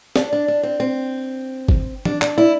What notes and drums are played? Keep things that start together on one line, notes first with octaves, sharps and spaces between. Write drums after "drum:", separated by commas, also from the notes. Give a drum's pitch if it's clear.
D4, drum: snare
D4
D4
C4
C4
drum: kick
D4, drum: tom E3
D4, drum: clap
E4